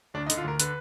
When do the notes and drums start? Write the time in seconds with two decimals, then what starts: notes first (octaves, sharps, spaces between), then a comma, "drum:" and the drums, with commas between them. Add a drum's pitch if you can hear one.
0.14 D2 D4
0.26 D#4
0.30 D3, drum: hi-hat
0.37 F4
0.44 D2 A#4
0.60 D3 B4, drum: hi-hat